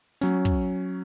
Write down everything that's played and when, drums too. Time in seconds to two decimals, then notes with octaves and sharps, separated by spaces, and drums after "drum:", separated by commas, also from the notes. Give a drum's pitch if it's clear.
0.21 F#3 C#4, drum: snare
0.45 drum: kick